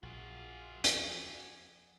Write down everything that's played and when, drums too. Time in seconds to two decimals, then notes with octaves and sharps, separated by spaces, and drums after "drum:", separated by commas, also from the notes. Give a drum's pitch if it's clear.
0.03 A#1 F4 F#4 G#4
0.84 E2 G#5, drum: hi-hat
1.06 F3